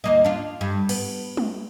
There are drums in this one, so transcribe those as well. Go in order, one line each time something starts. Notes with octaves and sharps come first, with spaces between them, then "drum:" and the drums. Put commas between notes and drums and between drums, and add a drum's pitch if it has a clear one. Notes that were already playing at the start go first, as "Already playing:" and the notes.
D#2 A#3 D#5
D4 F4
G2
B3, drum: cymbal
drum: tom